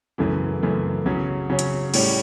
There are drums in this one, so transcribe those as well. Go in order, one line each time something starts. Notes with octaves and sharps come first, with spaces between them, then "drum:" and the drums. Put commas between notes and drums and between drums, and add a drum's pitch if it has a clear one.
F#2 C#3 E3 A3
F#2 C#3 E3 A3
C#3 F#3 C#4
C#3 F#3 C#4
drum: hi-hat
A2 G3 C#4, drum: cymbal